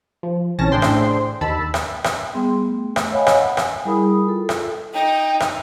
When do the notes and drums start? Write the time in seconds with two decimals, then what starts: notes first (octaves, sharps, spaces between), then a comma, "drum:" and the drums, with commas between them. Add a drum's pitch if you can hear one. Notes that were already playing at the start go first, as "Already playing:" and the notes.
0.23 F3
0.59 A#1 C3 E3 C#4 A5 A#6
0.72 A2 D4 G#4 C5 G5 C6
0.82 drum: rim click
1.41 D#2 D#3 A5 B5 E6
1.74 drum: rim click
2.04 drum: rim click
2.34 G3 B3 G#4 G5 C6
2.65 A3
2.96 drum: rim click
3.12 C#5 D#5 F5 F#5 G#5 B5
3.27 drum: rim click
3.42 G#5
3.57 drum: rim click
3.85 G3 E4 G#4 A#4 B5 D#6
4.25 F4 A4
4.49 drum: rim click
4.94 D#4 G5
5.40 drum: rim click